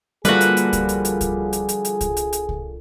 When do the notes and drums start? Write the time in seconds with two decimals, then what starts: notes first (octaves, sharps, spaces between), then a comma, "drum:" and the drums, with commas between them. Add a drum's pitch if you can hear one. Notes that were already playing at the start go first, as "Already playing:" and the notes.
0.25 D3 F3 G3 A#3 F#4 G#4 B4, drum: hi-hat
0.41 drum: hi-hat
0.57 drum: hi-hat
0.73 drum: kick C2, hi-hat
0.89 drum: hi-hat
1.05 drum: hi-hat
1.21 drum: kick C2, hi-hat
1.53 drum: hi-hat
1.69 drum: hi-hat
1.85 drum: hi-hat
2.01 drum: kick C2, hi-hat
2.17 drum: hi-hat
2.33 drum: hi-hat
2.49 drum: kick C2